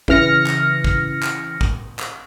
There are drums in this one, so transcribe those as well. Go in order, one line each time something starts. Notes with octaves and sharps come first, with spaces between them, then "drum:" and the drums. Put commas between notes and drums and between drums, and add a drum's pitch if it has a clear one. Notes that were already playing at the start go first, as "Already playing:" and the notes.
C#3 E3 F6 A#6 C#7, drum: kick
drum: clap
drum: kick
drum: clap
drum: kick
drum: clap